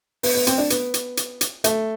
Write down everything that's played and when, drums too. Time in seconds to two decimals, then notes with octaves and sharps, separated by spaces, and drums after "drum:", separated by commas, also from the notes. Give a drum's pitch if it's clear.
0.23 B3, drum: open hi-hat
0.35 B3
0.47 C4, drum: hi-hat
0.58 D4
0.70 B3, drum: hi-hat
0.94 drum: hi-hat
1.17 drum: hi-hat
1.41 drum: hi-hat
1.64 A3, drum: hi-hat